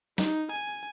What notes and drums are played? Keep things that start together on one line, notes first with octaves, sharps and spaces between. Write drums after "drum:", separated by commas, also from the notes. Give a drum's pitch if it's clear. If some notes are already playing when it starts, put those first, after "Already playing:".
D#4, drum: snare
G#5